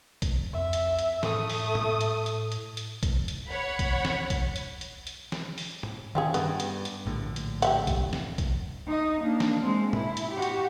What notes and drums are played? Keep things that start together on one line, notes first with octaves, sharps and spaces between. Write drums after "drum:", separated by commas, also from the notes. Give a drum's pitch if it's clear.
drum: kick A#1, hi-hat
F2 E5
drum: hi-hat
drum: hi-hat
A2 A3 D#6, drum: snare
drum: open hi-hat
drum: tom G#2
drum: hi-hat
drum: hi-hat
drum: hi-hat
drum: hi-hat
drum: kick A#1, hi-hat
drum: hi-hat
C#5 F#5 B5
drum: kick A#1, hi-hat
drum: snare
drum: kick A#1, hi-hat
drum: hi-hat
drum: hi-hat
drum: hi-hat
drum: snare
drum: open hi-hat
drum: tom G#2
D#3 C#4 F4 G4 G#4
G2 B3, drum: hi-hat
drum: hi-hat
drum: hi-hat
A#1 A2 D3
drum: hi-hat
G4 E5 F#5, drum: hi-hat
drum: kick A#1, hi-hat
drum: snare
drum: kick A#1, hi-hat
D#4 D#5
A#3 D4
drum: snare
G#3 C4
E4, drum: tom A2
drum: hi-hat
F#4 G4
drum: hi-hat